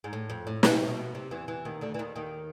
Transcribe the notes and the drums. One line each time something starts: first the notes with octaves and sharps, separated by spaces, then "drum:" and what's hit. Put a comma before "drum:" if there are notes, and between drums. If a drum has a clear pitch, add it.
G#2
A2
F2
A2
B2, drum: snare
C3
B2
C3
E2 E3
E2 E3
D#2 D#3
D2 D3
E3
D#2 D#3
D#2 D#3